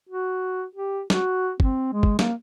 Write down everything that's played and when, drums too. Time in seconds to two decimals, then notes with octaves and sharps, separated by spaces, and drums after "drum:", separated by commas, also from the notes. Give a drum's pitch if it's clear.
0.09 F#4
0.75 G4
1.10 F#4, drum: snare
1.60 C4, drum: kick
1.93 G#3
2.03 drum: kick
2.19 A#3, drum: snare